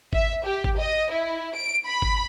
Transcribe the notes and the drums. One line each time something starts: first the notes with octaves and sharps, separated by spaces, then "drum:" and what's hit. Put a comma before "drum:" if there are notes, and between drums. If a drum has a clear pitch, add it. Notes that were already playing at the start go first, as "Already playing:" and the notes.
E5, drum: kick G#1
G4
drum: kick G#1
D#5
E4
D7
B5
drum: kick G#1